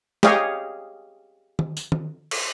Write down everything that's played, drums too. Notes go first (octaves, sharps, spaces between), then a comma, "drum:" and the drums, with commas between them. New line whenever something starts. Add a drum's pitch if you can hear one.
G4 G#4 C#5 D#5 F5, drum: snare
drum: tom D#3
drum: tambourine
drum: tom D#3
drum: cymbal